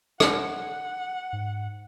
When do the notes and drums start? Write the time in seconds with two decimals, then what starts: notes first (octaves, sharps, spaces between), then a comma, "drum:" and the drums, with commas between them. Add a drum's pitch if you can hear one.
0.20 F#5, drum: rim click
1.33 G#2